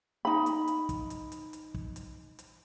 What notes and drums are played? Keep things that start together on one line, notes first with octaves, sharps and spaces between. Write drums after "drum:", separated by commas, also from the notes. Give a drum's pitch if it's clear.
D#4 B5
drum: hi-hat
drum: hi-hat
drum: kick, hi-hat
drum: hi-hat
drum: hi-hat
drum: hi-hat
drum: kick
drum: hi-hat
drum: hi-hat